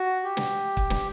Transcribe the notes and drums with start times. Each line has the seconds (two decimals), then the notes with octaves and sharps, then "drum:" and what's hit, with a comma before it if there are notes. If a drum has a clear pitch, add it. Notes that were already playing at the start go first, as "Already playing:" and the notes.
Already playing: F#4
0.24 G4
0.37 drum: snare
0.77 drum: kick
0.90 drum: snare